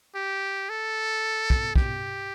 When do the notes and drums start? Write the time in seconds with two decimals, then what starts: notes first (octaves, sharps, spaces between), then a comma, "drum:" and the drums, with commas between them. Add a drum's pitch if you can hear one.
0.15 G4
0.69 A4
1.50 drum: kick
1.76 G4, drum: kick